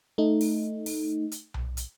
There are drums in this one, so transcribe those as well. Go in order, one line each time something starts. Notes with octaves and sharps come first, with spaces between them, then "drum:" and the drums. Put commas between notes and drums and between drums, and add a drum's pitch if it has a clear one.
A3 D#4
drum: open hi-hat
drum: open hi-hat
drum: hi-hat
drum: tom B1
drum: hi-hat